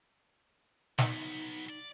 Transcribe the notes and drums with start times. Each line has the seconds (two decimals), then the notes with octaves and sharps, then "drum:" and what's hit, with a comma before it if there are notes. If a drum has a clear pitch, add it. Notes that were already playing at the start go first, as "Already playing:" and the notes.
0.98 F#3 B3 D#4, drum: snare
1.69 D5